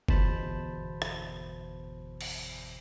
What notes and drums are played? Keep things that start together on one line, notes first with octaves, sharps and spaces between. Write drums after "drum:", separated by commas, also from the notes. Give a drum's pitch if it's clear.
G1 E2 B2 C5 A5 B5, drum: kick F#1
drum: rim click
drum: cymbal